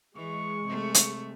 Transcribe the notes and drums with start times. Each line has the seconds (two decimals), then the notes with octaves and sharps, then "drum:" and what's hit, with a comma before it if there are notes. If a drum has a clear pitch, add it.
0.16 E3 G#3 C#6
0.66 C3 A3
0.94 drum: hi-hat